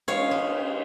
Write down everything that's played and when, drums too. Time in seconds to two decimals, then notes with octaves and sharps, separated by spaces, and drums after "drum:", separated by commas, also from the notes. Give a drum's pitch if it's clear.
0.08 G#3 C#5 F5, drum: cymbal
0.31 G#3